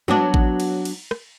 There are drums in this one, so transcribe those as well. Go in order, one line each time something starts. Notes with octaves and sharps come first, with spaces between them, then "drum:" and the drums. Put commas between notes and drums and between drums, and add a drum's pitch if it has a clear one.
F#3 B3 D4, drum: tom G3
drum: kick A1
drum: cymbal
drum: cymbal
drum: rim click